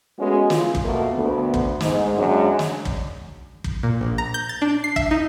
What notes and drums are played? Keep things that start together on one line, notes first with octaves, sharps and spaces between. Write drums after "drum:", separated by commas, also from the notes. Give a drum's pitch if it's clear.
G#3 A3 B3 C#4 F#4
F4, drum: snare
drum: kick
B2 A3 A#3 A4
D2 B3
drum: kick
G#2, drum: snare
F#2 G#3 A#3 D4 C#5
drum: snare
drum: kick
drum: kick
A#2
A#1
A#5
G6
A6
D4
C7
E5, drum: kick
D#4